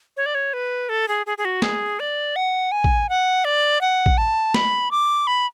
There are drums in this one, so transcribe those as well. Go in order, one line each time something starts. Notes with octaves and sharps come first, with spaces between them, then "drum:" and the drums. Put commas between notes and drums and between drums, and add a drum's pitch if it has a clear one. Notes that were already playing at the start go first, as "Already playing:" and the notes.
C#5
D5
C#5
B4
A4
G#4
G#4
G#4
F#4
G#4, drum: snare
D5
F#5
G#5
drum: kick
F#5
D5
F#5
drum: kick
A5
B5, drum: snare
D6
B5